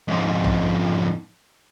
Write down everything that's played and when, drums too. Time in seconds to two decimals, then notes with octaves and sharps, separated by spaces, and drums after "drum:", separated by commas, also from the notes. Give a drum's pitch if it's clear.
0.08 F2 G#2
0.44 drum: tom A#1